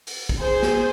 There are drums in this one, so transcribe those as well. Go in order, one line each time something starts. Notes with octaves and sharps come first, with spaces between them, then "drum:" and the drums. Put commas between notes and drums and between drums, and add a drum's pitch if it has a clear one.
drum: open hi-hat
drum: kick
G#4 C5
drum: snare